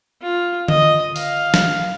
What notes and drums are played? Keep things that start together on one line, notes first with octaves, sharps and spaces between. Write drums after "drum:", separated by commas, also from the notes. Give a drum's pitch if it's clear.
F4
D#5, drum: tom D3
F5, drum: open hi-hat
drum: snare